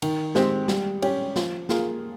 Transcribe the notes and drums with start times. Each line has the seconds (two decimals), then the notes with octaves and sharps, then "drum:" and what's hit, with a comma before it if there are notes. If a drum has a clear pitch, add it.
0.02 D#3, drum: cymbal
0.35 G#3 C4 G4, drum: snare
0.68 G3, drum: snare
1.02 C#4 G4, drum: cymbal
1.36 F3, drum: snare
1.69 A#3 F4 G#4, drum: snare